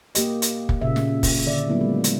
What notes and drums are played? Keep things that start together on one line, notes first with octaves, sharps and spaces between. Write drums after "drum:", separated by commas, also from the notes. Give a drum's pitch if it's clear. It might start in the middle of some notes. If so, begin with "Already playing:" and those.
A#3 G4 D#5, drum: hi-hat
drum: hi-hat
drum: kick
A#2 C#3 E5
drum: snare
drum: kick, open hi-hat
D3 D5 E5
F#3 G3 A#3 B3 E4
G#3
drum: hi-hat